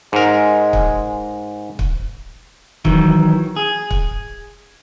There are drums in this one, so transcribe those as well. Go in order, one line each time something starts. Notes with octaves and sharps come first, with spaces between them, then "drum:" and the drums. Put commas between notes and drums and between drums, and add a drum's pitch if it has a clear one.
G#2 G#3 A#4
drum: kick
drum: kick
D#3 E3 F#3, drum: kick
G#4
drum: kick